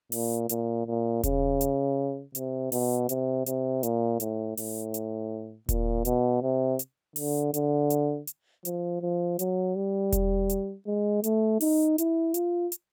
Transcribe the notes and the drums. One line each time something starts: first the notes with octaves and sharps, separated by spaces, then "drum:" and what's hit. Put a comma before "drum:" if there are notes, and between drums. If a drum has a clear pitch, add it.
A#2, drum: open hi-hat
A#2, drum: hi-hat
A#2
C#3, drum: kick E1, hi-hat
drum: hi-hat
C3, drum: hi-hat
B2, drum: open hi-hat
C3, drum: hi-hat
C3, drum: hi-hat
A#2, drum: hi-hat
A2, drum: hi-hat
A2, drum: open hi-hat
drum: hi-hat
A#2, drum: kick E1, hi-hat
B2, drum: hi-hat
C3
drum: hi-hat
D3, drum: open hi-hat
D3, drum: hi-hat
drum: hi-hat
drum: hi-hat
F3, drum: hi-hat
F3
F#3, drum: hi-hat
G3
drum: kick E1, hi-hat
drum: hi-hat
G#3
A3, drum: hi-hat
D#4, drum: open hi-hat
E4, drum: hi-hat
F4, drum: hi-hat
drum: hi-hat